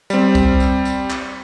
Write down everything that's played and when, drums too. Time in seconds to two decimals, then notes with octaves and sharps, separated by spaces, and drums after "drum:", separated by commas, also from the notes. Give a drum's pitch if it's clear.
0.10 G3 C4, drum: tambourine
0.35 drum: kick, tambourine
0.60 drum: tambourine
0.85 drum: tambourine
1.10 drum: clap